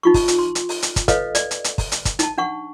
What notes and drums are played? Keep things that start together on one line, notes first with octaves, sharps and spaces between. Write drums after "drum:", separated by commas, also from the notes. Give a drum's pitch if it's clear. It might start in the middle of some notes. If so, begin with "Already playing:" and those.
D#4 F4 C#6
drum: kick, open hi-hat
drum: hi-hat
C6
drum: hi-hat
drum: open hi-hat
drum: hi-hat
drum: kick, hi-hat
A4 B4 C#5 D#5 F5, drum: kick, hi-hat
D5, drum: hi-hat
drum: hi-hat
drum: hi-hat
drum: kick, open hi-hat
drum: hi-hat
drum: kick, hi-hat
D#4 A5, drum: hi-hat
D4 F#5 C#6